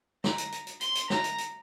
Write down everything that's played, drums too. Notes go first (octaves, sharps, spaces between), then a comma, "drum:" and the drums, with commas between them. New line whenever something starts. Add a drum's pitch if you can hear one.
A#5, drum: snare
drum: hi-hat
drum: hi-hat
drum: hi-hat
C6, drum: hi-hat
drum: hi-hat
A#5, drum: snare
drum: hi-hat
drum: hi-hat